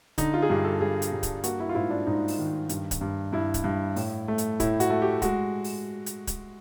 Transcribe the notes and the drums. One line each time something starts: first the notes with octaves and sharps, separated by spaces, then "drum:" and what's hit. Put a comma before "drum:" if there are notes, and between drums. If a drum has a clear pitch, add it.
D3 D#4, drum: kick C#1, hi-hat
F4
G#4
G2 G4
A4
G3 G#4
drum: hi-hat
G2
drum: kick C#1, hi-hat
A#3 F#4, drum: hi-hat
E4
F4
G#2 E4
D4
G#2 D#4
drum: open hi-hat
D#3
G2, drum: hi-hat
drum: kick C#1, hi-hat
G2
G2 E4
drum: kick C#1, hi-hat
G2
A2, drum: open hi-hat
A3
drum: hi-hat
A2 E4, drum: kick C#1, hi-hat
F#4, drum: hi-hat
A3
G4
G#3 F#4, drum: kick C#1, hi-hat
drum: open hi-hat
drum: hi-hat
drum: kick C#1, hi-hat